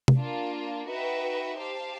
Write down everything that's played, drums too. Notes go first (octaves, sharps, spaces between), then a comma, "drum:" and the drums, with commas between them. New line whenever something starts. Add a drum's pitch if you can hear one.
drum: tom C3
A#3 D4 F4
D#4 F#4 B4 E5 G5
G4 C5 F5 A5